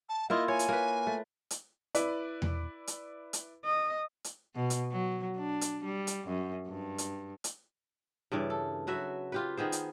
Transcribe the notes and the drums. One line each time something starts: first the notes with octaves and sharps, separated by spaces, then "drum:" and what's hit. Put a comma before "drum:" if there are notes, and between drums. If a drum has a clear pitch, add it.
A5
A#3 E4 F4 D#5
C#5 G#5
drum: hi-hat
A#3 B4
A3
drum: hi-hat
E4 B4 D5, drum: hi-hat
drum: tom E2
drum: hi-hat
drum: hi-hat
D#5
drum: hi-hat
B2
drum: hi-hat
F#3
D4
drum: hi-hat
G3
drum: hi-hat
F#2
G2
drum: hi-hat
drum: hi-hat
G2 C#3 E3 D5
A4
F#3 F#4 B4 E5
F4 G4 B4
D#3 B3 G#4 C5
drum: hi-hat